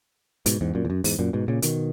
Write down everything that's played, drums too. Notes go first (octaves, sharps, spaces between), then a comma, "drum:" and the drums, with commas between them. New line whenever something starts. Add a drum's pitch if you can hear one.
G#2 B2, drum: hi-hat
E2 G#2
F#2 A#2
E2
F#2
E2 G#2, drum: open hi-hat
F#2 A#2
G#2 B2
A#2 C#3
B2 D#3, drum: hi-hat